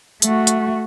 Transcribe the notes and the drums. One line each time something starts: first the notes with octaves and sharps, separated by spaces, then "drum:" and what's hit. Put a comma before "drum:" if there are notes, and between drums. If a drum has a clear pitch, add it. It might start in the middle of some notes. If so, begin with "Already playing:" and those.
A3 F#4, drum: hi-hat
drum: hi-hat